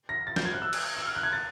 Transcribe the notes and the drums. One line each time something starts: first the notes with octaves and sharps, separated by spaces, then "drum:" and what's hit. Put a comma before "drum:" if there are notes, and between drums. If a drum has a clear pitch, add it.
A#6
A6
G6, drum: snare
G#6
F#6
E6
drum: cymbal
E6
F6
F#6
G#6
A6